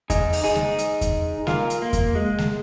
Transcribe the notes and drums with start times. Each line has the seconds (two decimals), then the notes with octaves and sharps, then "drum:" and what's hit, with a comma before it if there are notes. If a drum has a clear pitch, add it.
0.10 D#4 G#4, drum: kick E2, hi-hat
0.33 drum: open hi-hat
0.44 D#4 G#4
0.56 drum: snare G#3
0.78 drum: hi-hat
1.01 drum: kick E2, hi-hat
1.47 F4 A#4, drum: snare G#3
1.70 drum: hi-hat
1.82 A#3
1.93 drum: kick E2, hi-hat
2.15 G#3
2.39 drum: snare G#3